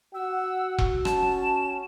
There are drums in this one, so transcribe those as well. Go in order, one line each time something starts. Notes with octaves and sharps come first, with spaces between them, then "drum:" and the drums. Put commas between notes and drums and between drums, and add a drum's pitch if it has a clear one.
F#4 F#5 E6
drum: kick E1
C#4 A5 E7, drum: rim click